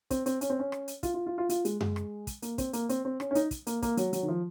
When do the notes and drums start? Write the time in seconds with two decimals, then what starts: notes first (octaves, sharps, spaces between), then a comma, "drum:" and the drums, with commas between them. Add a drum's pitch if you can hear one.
0.10 C4, drum: kick, hi-hat
0.26 C4, drum: hi-hat
0.41 C#4, drum: hi-hat
0.50 C4
0.59 C#4
0.72 drum: rim click
0.88 drum: hi-hat
1.03 F4, drum: kick, hi-hat
1.14 F4
1.27 F4
1.38 F4
1.49 F4, drum: hi-hat
1.65 G#3, drum: hi-hat
1.81 G#3, drum: tom F#2
1.96 drum: rim click
2.27 drum: kick, hi-hat
2.42 A#3, drum: hi-hat
2.58 C4, drum: kick, hi-hat
2.73 A#3, drum: hi-hat
2.89 C4, drum: hi-hat
3.05 C4
3.20 C#4, drum: rim click
3.31 C#4
3.35 D#4, drum: hi-hat
3.51 drum: kick, hi-hat
3.67 A#3, drum: hi-hat
3.82 A#3, drum: kick, hi-hat
3.97 F#3, drum: hi-hat
4.13 F#3, drum: hi-hat
4.23 D#3
4.28 F3